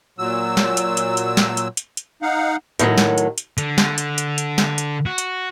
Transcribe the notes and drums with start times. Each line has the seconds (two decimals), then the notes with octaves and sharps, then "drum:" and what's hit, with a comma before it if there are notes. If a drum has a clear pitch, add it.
0.19 A#2 F#3 E6
0.57 drum: snare
0.77 drum: hi-hat
0.97 drum: hi-hat
1.17 drum: hi-hat
1.37 drum: snare
1.57 drum: hi-hat
1.77 drum: hi-hat
1.97 drum: hi-hat
2.22 D#4 F5 F#5
2.79 A2 D#3 F3 F#3, drum: hi-hat
2.98 drum: snare
3.18 drum: hi-hat
3.38 drum: hi-hat
3.58 D3, drum: hi-hat
3.78 drum: snare
3.98 drum: hi-hat
4.18 drum: hi-hat
4.38 drum: hi-hat
4.58 drum: snare
4.78 drum: hi-hat
5.06 F#4
5.18 drum: hi-hat